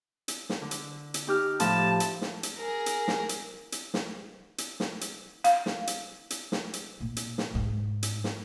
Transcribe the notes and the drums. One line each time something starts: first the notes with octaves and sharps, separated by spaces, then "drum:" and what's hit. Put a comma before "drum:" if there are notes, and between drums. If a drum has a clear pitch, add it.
drum: hi-hat
drum: snare
D3
drum: hi-hat
drum: hi-hat
D#4 G4 F6
A2 F3 A5, drum: hi-hat
drum: hi-hat
drum: snare
drum: hi-hat
G#4 A#4
drum: hi-hat
drum: snare
drum: hi-hat
drum: hi-hat
drum: snare
drum: hi-hat
drum: snare
drum: hi-hat
F5, drum: hi-hat
drum: snare
drum: hi-hat
drum: hi-hat
drum: snare
drum: hi-hat
A#2
drum: hi-hat
drum: snare
G#2
drum: hi-hat
drum: snare